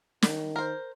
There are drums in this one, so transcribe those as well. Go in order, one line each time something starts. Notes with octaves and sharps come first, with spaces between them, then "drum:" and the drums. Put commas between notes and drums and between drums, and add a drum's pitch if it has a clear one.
D#3, drum: snare
A#4 C5